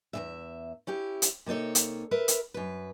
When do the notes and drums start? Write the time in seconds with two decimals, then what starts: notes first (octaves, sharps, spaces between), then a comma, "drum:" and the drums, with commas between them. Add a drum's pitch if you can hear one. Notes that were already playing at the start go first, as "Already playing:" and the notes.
0.13 E2 C#3 E5
0.87 C#4 E4 G4
1.22 drum: hi-hat
1.46 C3 A#3 D#4 A4 C#5
1.75 drum: hi-hat
2.11 A#4 B4 E5
2.28 drum: hi-hat
2.54 F#2 B4